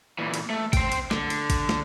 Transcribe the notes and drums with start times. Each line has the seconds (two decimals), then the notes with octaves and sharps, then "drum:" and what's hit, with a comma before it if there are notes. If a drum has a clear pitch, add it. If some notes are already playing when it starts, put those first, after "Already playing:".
0.19 A#2 E3
0.34 drum: cymbal
0.50 A3
0.73 C5 G5, drum: kick G#1, cymbal
0.92 drum: cymbal
1.11 D3, drum: snare
1.30 drum: cymbal
1.50 drum: kick G#1, cymbal
1.69 drum: snare